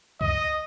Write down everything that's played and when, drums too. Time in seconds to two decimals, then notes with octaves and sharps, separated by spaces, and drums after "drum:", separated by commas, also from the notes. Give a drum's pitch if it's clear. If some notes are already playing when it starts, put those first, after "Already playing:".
0.21 D#5, drum: kick C#2